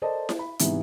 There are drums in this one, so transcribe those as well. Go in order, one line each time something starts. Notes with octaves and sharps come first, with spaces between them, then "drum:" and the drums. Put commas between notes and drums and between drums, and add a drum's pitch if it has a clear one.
A4 A#4 C5 D5 D#5 A5
drum: snare E4
B5
G#2 C3 E3 G3 B3 D#4, drum: hi-hat